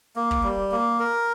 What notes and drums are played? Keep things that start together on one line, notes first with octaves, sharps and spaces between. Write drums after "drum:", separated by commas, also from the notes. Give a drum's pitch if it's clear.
A#3
drum: kick
G3
A#3
A#4